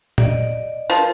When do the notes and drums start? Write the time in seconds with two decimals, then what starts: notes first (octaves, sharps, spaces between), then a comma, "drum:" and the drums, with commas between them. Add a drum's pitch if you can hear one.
0.18 D5 D#5, drum: tom
0.90 F3 G#4 A#4 B4